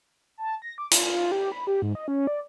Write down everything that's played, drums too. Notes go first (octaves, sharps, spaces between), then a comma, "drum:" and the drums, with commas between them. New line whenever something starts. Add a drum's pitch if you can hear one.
A5
A#6
D6
F4, drum: hi-hat
F4
G4
B5
G4
G#2
D#5
C#4
D5